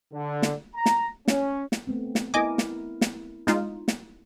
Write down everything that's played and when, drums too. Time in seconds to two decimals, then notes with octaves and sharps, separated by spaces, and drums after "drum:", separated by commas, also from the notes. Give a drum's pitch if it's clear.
0.14 D3
0.42 drum: snare
0.75 A#5
0.86 drum: snare
1.28 C#4, drum: snare
1.72 drum: snare
1.87 A3 B3 C4
2.15 drum: snare
2.34 B3 E4 A#4 D#5 G#5 D6
2.58 drum: snare
3.01 drum: snare
3.47 G#3 D#4 F4, drum: snare
3.88 drum: snare